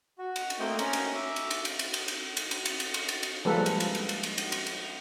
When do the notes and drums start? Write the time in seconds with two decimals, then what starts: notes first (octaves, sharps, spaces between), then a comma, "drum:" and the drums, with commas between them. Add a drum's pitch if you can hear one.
0.18 F#4
0.36 drum: cymbal
0.50 drum: cymbal
0.59 A3 A#3 C4 D#5 G5
0.79 C#4 A#5, drum: cymbal
0.93 drum: cymbal
1.14 E5 D6
1.36 drum: cymbal
1.51 drum: cymbal
1.65 drum: cymbal
1.79 drum: cymbal
1.94 drum: cymbal
2.08 drum: cymbal
2.37 drum: cymbal
2.51 drum: cymbal
2.65 drum: cymbal
2.80 drum: cymbal
2.94 drum: cymbal
3.09 drum: cymbal
3.23 drum: cymbal
3.45 F3 G3 G#3 A#3 A4 B4
3.66 drum: cymbal
3.80 drum: cymbal
3.95 drum: cymbal
4.09 drum: cymbal
4.23 drum: cymbal
4.38 drum: cymbal
4.52 drum: cymbal
4.66 drum: cymbal